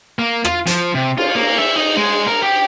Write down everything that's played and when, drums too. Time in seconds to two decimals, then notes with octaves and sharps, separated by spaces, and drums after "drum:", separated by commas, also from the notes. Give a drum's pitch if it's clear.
0.19 A#3
0.45 F4, drum: rim click
0.67 F3, drum: hi-hat
0.95 C3
1.18 F4, drum: cymbal
1.35 A#3
1.58 E5
1.76 D#4
1.97 G#3
2.27 A#4
2.42 G4